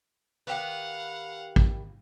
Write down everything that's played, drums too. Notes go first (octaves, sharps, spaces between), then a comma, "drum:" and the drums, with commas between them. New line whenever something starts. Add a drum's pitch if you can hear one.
D#3 G4 B4 F5 F#5
drum: kick